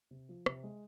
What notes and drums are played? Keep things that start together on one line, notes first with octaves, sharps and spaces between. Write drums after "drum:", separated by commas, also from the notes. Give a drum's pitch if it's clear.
C3
F3
C3, drum: rim click
G#3